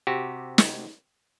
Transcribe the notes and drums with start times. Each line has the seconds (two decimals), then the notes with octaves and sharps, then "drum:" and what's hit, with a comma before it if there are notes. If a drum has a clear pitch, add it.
0.07 C3 F#4 G4
0.58 drum: snare